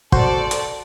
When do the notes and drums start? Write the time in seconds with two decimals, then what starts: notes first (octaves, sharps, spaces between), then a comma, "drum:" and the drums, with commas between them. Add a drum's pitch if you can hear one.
0.12 F#4 A4 C5 D5, drum: kick
0.51 drum: hi-hat